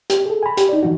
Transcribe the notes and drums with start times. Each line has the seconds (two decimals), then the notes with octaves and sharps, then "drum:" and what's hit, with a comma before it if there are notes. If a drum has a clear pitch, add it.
0.10 G4, drum: hi-hat
0.26 G#4 A4
0.43 G#5 B5
0.57 G4, drum: hi-hat
0.69 D#4 D5
0.83 D#3 E3 D#4 F#4